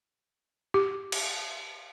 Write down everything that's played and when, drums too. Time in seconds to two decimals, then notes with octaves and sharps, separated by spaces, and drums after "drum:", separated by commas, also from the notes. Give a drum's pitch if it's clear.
0.74 G4
1.12 drum: cymbal